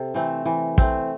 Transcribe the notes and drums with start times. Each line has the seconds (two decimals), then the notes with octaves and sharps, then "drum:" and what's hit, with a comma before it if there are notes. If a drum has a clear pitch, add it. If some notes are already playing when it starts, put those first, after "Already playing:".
Already playing: C3 A4
0.14 E3 A3 C4
0.46 E3
0.78 A3 C4, drum: kick